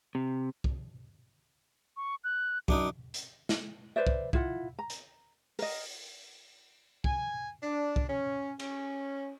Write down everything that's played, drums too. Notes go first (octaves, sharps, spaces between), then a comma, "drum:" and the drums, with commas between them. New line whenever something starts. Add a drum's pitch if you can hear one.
C3
drum: kick
C#6
F#6
F#2 D4 D#4 D6, drum: kick
drum: hi-hat
drum: snare
B4 C5 D5 E5
drum: kick
E4 F4 F#5, drum: kick
A#5
drum: hi-hat
A#4 D#5, drum: open hi-hat
G#5, drum: kick
D4
drum: kick
C#4
C#4, drum: cymbal